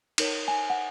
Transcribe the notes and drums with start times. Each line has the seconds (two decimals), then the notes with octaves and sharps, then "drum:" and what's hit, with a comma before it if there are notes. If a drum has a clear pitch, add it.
0.18 D#4 A#4 C#5, drum: cymbal
0.48 G#5
0.70 F#5